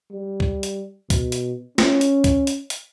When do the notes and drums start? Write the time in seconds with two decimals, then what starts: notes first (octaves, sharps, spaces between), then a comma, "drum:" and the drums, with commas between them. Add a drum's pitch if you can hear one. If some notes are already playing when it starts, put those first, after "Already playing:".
0.12 G3
0.40 drum: kick
0.63 drum: hi-hat
1.10 B2, drum: kick, hi-hat
1.32 drum: hi-hat
1.78 C#4, drum: snare
2.01 drum: hi-hat
2.24 drum: kick, hi-hat
2.47 drum: hi-hat
2.70 drum: hi-hat